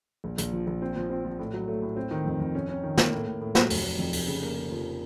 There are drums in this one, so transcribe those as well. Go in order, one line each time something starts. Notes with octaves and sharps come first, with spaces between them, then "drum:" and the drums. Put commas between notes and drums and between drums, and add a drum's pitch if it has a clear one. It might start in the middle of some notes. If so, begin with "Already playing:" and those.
A#1
A#1, drum: hi-hat
F3
A#1
C4
F3
C4
F3
A2
F#3
A3
A2
C4
D#3
F2
F2
C#4
C#4
D#3
A#3, drum: snare
A2
A2
A2
F#3, drum: snare
F1, drum: open hi-hat
F1
F2
F1, drum: open hi-hat
C#3
A#3
C#3
F3